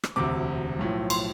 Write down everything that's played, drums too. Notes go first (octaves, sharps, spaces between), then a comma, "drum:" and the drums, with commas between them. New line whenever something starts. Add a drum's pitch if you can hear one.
drum: rim click
E1 D2 C3 D6
B1 A2 F3
C6, drum: cymbal